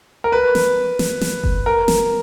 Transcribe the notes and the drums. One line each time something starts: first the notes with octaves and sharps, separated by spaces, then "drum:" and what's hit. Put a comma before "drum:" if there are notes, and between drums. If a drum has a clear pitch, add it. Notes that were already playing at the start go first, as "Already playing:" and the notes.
A#4
B4
drum: snare
drum: snare
drum: snare
drum: kick F#1
A#4
drum: snare